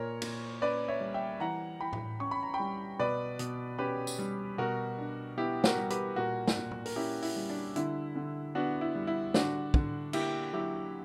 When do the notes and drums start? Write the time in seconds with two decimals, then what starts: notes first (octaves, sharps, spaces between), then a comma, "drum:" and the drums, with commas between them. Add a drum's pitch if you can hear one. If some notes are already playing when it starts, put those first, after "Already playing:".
Already playing: A#2 A#4 C#5
0.22 A#2, drum: cymbal
0.62 C#4 B4 D5
0.88 C#5 E5
1.01 G3
1.14 E5 G5
1.40 E3 F#5 A#5
1.80 E3 G5 B5
1.93 drum: tom A2
2.20 C#4 C#6
2.31 B5
2.43 A#5
2.54 G5 B5
2.60 G3
2.99 B2 B4 D5
3.39 B2, drum: hi-hat
3.78 C#4 G4 B4
4.07 drum: tambourine
4.19 G3
4.58 B2 F#4 A#4
4.98 D4
5.38 B3 E4 G4
5.64 F#4 A#4, drum: snare
5.77 G3
5.90 G4 B4, drum: hi-hat
6.16 A#2 F#4 A#4
6.48 drum: snare
6.57 A#2
6.71 drum: tom A#2
6.86 A#4, drum: open hi-hat
6.96 C#4 E4 G4
7.22 E4, drum: open hi-hat
7.36 G3
7.50 D4
7.76 D3 E4, drum: hi-hat
8.15 D3
8.55 B3 D4 F#4
8.81 E4
8.95 G3
9.07 E4
9.34 D3 D4 F#4, drum: snare
9.74 D3, drum: kick
10.13 A#3 E4 G4, drum: cymbal
10.53 F#3 E4 G4